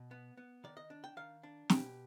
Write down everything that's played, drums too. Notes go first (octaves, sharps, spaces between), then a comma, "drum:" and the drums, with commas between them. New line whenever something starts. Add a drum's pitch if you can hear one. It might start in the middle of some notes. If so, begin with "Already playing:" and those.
Already playing: B2
B3
B3
D#3 D5
D#5
D4
G5
D#3 F5
D4
B2 G4, drum: snare